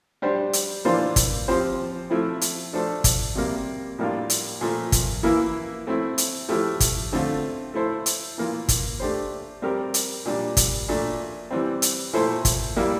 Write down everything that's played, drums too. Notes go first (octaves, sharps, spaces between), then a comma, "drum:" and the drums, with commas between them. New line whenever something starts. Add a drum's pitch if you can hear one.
G3 D4 G4 C5
drum: hi-hat
E3 A#3 D4 F4 C5
drum: kick, hi-hat
F3 C4 G4 C5
F3 A3 C4 E4
drum: hi-hat
F3 A3 D4 A4 C5
drum: kick, hi-hat
C3 G3 A#3
A2 G3 A#3 D4 F4
drum: hi-hat
A#2 F3 A3
drum: kick, hi-hat
E3 A#3 E4
A3 C4 E4
drum: hi-hat
F3 A3 E4 G4
drum: kick, hi-hat
D3 A3 C4 F4
A3 E4 A4 C5
drum: hi-hat
E3 A#3 F4
drum: kick, hi-hat
A3 D4 G4 C5
G3 C4 G4 A#4
drum: hi-hat
A#2 G3 D4
drum: kick, hi-hat
A#2 A3 D4
E3 G3 C4
drum: hi-hat
A#2 A3 E4 A4 C5
drum: kick, hi-hat
G3 A#3 E4